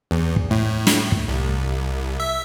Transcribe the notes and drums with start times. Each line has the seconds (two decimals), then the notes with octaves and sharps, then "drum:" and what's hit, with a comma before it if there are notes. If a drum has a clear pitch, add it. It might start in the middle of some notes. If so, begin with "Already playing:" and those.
0.11 E2
0.36 drum: kick
0.50 A2
0.87 drum: snare
1.12 drum: kick
1.28 C2
2.20 E5